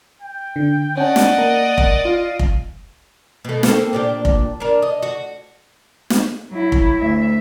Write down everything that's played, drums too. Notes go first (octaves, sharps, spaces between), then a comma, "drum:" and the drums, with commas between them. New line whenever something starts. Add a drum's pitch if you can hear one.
G5
D3
C#4 D5 D#5 F#5 A5
drum: snare
A#3 A#5
drum: kick F1
F4 F5
drum: kick F1
B2 A3
A#3 C4 A4, drum: snare
A#2 D4 G4
drum: kick F1
D4 A#4
D#5
F#4
drum: snare
F#3 E4
drum: kick F1
D2 E5